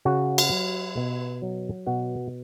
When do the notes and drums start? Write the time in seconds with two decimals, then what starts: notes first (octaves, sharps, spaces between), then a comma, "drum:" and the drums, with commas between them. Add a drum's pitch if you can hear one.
0.05 C#3 F#4
0.38 drum: cymbal
0.51 F#3
0.97 B2
1.42 F#3
1.87 B2 F#4